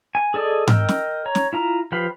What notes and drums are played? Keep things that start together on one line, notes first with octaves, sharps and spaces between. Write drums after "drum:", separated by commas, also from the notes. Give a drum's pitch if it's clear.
G#5
G#4 A4 D5 D#5
A#4 D#5 G5 E6, drum: tom G#2
drum: snare
C#5 A#5
drum: snare
E4 F4 A#5
F3 G4 B4 F5 B5